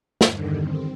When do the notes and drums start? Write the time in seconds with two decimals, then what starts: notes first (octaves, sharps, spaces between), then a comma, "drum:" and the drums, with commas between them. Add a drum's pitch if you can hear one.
0.21 E2 G2 D3 D#3, drum: snare
0.59 C4